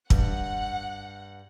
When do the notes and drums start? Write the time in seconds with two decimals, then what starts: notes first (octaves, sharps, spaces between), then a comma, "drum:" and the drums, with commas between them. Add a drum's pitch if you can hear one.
0.10 G2 F#5, drum: kick